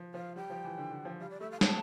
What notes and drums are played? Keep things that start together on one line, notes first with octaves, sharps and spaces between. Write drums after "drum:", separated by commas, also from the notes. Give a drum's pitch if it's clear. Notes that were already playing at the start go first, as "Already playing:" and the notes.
Already playing: F3
F3 F5
G3 G5
F3
E3
D3
D3
F3
G3 F5
D5
A3 E5
F5
C4 A5, drum: snare